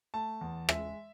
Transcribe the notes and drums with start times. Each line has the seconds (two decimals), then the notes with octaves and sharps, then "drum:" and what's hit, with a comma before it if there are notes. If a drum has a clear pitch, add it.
0.14 A3 A5
0.41 E2
0.69 G#3 E5, drum: rim click